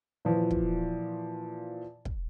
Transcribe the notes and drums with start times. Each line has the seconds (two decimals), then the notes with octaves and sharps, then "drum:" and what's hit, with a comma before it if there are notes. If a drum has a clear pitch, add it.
0.25 A#2 E3 F3
0.51 drum: kick
2.05 drum: kick